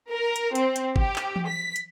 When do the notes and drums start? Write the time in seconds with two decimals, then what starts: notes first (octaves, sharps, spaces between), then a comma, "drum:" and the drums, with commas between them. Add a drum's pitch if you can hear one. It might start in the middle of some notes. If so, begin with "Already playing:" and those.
0.11 A#4
0.36 drum: hi-hat
0.55 C4, drum: hi-hat
0.76 drum: hi-hat
0.96 G4, drum: kick G#1
1.16 drum: clap
1.36 drum: tom E3
1.47 B6
1.76 drum: hi-hat